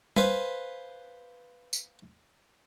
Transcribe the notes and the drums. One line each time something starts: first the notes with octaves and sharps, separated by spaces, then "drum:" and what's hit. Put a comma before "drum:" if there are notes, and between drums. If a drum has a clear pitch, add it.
B4 C5 F5 G#5 B5, drum: tom G3
drum: tambourine